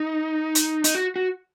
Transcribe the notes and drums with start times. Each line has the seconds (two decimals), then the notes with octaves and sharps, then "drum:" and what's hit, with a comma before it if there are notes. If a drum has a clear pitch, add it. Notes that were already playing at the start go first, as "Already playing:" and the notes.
Already playing: D#4
0.55 drum: hi-hat
0.84 D#4, drum: hi-hat
0.95 F#4
1.16 F#4